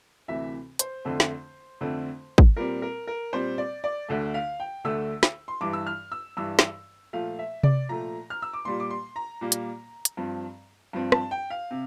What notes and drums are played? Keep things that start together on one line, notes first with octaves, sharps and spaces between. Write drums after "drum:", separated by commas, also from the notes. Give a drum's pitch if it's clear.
D2 C3 E3 E5
C5, drum: hi-hat
F2 D3 A3 C4
drum: snare
F2 D3 A3 C4
drum: kick
A#2 G3 C4 A#4
A#4
A#4
A#2 G3 C4 C5
D5
D5
D2 D3 A3
F5
G5
D2 D3 A3 E6
drum: snare
C6
G2 E3 G3 D6
E6
F6
E6
G2 E3 G3 E6
drum: snare
A#2 F3 A3 F5
E5
D5, drum: tom C3
A#2 F3 A3 A#5
F6
E6
D6
A#2 G3 A#3 C6
D6
C6
A#5
A#2 G3 A#3
drum: hi-hat
drum: hi-hat
G2 F3 C4
G2 F3 C4
A5, drum: rim click
G5
F5
C3